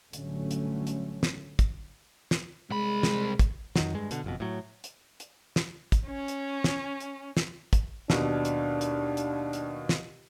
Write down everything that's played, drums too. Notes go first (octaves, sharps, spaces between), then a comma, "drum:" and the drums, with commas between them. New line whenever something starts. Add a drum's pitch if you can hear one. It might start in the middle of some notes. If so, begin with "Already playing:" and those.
A1 D3 F#3 G3 A3 C#4, drum: hi-hat
drum: hi-hat
drum: hi-hat
drum: snare
drum: kick, hi-hat
drum: snare
C2 G#3 B5
drum: snare
drum: kick, hi-hat
F2 D#3 F#3, drum: snare
G2 G#3
B2 D3, drum: hi-hat
F#1 F2 B2
A2 F#3
drum: hi-hat
drum: hi-hat
drum: snare
drum: kick, hi-hat
C#4
drum: hi-hat
drum: snare
drum: hi-hat
drum: snare
drum: kick, hi-hat
D#2 B2 D4, drum: snare
drum: hi-hat
drum: hi-hat
drum: hi-hat
drum: hi-hat
drum: snare